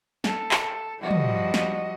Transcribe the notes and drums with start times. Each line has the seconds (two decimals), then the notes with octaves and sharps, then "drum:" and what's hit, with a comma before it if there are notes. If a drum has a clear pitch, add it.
0.24 A4, drum: snare
0.51 drum: clap
1.01 F3 G3 F#4 D#5
1.11 drum: tom
1.54 drum: snare